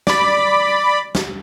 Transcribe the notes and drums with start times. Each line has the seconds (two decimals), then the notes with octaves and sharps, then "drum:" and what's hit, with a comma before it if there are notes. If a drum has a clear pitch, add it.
0.07 D5 B5, drum: snare
1.15 drum: snare